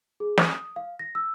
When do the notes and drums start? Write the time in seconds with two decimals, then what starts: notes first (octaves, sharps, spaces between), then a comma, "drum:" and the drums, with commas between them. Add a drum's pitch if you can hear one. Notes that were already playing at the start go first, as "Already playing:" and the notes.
0.20 G#4
0.38 D#6, drum: snare
0.76 F5
0.99 A#6
1.15 E6